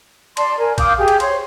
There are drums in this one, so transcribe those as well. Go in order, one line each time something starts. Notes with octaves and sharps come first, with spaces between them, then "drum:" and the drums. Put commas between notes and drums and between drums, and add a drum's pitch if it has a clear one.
D5 A5 C6, drum: cymbal
A#4 G#5
F5 D6 D#6 G6, drum: kick A#1, cymbal
G4 G#4
drum: cymbal
C5 C#5 C6, drum: cymbal